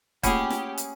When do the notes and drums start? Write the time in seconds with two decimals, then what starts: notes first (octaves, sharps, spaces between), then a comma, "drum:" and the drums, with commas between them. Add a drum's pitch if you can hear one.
0.23 A3 A#3 C#4 F4 G4 G#4 F#5 B5, drum: kick, hi-hat
0.50 drum: snare
0.78 drum: hi-hat